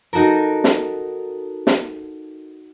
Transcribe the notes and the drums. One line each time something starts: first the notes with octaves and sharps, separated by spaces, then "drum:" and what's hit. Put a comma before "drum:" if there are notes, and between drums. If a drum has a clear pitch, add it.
D#4 F#4 A4 A#4
drum: snare
drum: snare